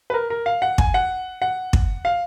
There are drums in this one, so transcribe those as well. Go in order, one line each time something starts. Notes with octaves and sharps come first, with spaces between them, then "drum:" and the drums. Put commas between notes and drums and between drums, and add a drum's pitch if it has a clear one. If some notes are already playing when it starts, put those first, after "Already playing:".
B4
A#4
A#4
F5
F#5
G#5, drum: kick
F#5
F#5
drum: kick
F5